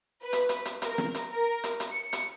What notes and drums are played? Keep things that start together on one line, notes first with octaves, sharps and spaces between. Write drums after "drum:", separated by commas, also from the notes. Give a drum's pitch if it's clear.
B4
drum: hi-hat
drum: hi-hat
drum: hi-hat
A#4, drum: hi-hat
drum: snare
drum: hi-hat
A#4
drum: hi-hat
drum: hi-hat
C#7
drum: hi-hat